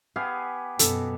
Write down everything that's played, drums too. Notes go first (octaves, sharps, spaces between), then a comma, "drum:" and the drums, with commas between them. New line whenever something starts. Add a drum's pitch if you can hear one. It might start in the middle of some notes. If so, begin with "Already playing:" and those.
B3 G4 G#4 F5
F#2 B2 A4, drum: hi-hat